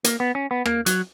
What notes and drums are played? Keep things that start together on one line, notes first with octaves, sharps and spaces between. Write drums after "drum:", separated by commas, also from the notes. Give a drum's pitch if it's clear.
A#3, drum: hi-hat
B3
C#4
B3
A#3, drum: rim click
F#3, drum: hi-hat